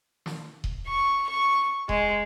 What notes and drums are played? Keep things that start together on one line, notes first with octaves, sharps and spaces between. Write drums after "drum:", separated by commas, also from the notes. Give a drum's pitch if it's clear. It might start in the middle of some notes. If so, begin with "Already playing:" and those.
drum: snare
drum: kick D#1
C#6
C#6
G#3, drum: kick D#1